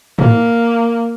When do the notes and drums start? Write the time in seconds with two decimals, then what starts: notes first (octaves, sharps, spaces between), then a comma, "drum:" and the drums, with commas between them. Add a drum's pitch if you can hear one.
0.19 A#3, drum: tom